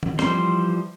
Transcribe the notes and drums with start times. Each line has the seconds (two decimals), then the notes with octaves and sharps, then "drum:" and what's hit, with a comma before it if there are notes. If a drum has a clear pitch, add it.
0.03 drum: tom D#3
0.19 E3 F3 G3 C5 C6, drum: snare C4